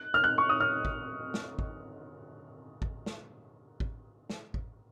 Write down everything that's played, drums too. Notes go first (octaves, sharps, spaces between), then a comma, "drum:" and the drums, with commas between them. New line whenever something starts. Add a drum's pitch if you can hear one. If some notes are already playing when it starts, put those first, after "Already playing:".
Already playing: F#6
F6
F#6
C#6
D#6
F6
drum: kick G#1
drum: snare
drum: kick G#1
drum: kick G#1
drum: snare
drum: kick G#1
drum: snare
drum: kick G#1